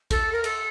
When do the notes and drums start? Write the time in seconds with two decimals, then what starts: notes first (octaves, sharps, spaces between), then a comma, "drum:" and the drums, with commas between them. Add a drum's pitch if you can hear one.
0.11 A4, drum: kick, cymbal
0.33 A#4
0.44 A4, drum: cymbal